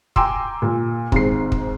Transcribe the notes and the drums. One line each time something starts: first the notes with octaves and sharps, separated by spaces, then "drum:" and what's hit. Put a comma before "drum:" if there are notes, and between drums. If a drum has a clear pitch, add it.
G5 G#5 A#5 C6 D6 E6, drum: kick
A#2
G#1 G#2 C7, drum: kick
drum: kick